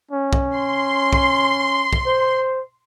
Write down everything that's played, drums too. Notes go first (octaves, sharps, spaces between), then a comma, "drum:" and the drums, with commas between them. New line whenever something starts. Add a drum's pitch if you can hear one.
C#4
drum: kick B1
C6
drum: kick B1
drum: kick B1
C5